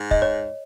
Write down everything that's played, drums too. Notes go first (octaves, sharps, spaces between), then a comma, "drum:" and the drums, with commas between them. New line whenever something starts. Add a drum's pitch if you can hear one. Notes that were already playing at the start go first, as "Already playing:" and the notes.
Already playing: G#2
D#5, drum: kick
C#5